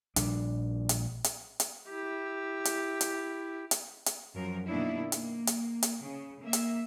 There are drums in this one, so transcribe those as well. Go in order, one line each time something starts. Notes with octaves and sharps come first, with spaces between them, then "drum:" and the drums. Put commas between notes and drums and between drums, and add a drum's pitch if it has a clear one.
A#1 G3 D4, drum: hi-hat
drum: hi-hat
drum: hi-hat
drum: hi-hat
E4 G4
drum: hi-hat
drum: hi-hat
drum: hi-hat
drum: hi-hat
F#2 F3 A#4
B2 D#3 A#3 D4 E4
A#3, drum: hi-hat
drum: hi-hat
drum: hi-hat
C#3
A#3 E5
drum: hi-hat